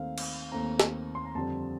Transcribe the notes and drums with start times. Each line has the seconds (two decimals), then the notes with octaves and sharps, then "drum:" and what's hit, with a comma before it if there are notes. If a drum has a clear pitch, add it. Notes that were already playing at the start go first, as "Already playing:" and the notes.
Already playing: D#2 D#3 A3 C4 F5
0.18 drum: cymbal
0.52 D#2 D#3 A3 C4 A#5
0.80 drum: snare
1.15 C6
1.25 A#5
1.35 F2 D3 G3 C4 A5